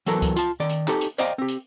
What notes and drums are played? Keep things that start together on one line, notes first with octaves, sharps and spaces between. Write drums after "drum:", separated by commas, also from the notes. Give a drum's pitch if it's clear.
E3 F#3 B3 A4 A#4, drum: hi-hat
drum: kick C#2, hi-hat
F4 A5, drum: hi-hat
D#3 D5
drum: hi-hat
D#4 G4 A4, drum: clap
drum: hi-hat
C5 D5 D#5 F5 G5 A#5, drum: hi-hat
C4 G4
drum: hi-hat